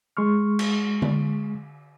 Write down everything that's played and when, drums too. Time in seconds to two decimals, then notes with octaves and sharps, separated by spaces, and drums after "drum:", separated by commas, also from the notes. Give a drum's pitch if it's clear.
0.17 G#3 C6 C#6 F6
0.59 drum: cymbal
1.02 drum: tom D3